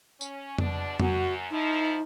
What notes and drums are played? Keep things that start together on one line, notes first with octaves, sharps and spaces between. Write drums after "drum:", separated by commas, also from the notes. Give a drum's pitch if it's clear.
C#4, drum: tambourine
E2 B2 D4, drum: tom F2
F#2 F#4, drum: tom F2
F3 D#4 E4